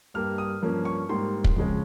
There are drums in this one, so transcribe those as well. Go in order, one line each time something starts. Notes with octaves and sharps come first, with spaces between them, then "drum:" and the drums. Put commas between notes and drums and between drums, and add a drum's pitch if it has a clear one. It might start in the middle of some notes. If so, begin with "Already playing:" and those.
G2 G3 A#3 F6
D#6
G2 F3 A#3 C#4
C#6
G#2 G3 A#3 C6
drum: kick
F2 C#3 G#3 C#4